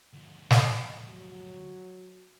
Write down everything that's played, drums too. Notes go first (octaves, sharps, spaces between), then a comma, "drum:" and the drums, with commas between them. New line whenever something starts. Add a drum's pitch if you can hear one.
D2 F3
drum: snare
F#3